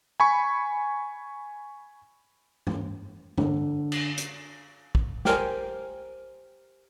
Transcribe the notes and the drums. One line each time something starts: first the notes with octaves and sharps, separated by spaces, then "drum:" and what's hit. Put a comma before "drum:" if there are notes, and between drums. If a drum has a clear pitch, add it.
G#5 B5 C#6
drum: tom G2
D3, drum: tom G2
drum: cymbal
drum: hi-hat
drum: kick
G4 A#4 C5 G#5, drum: snare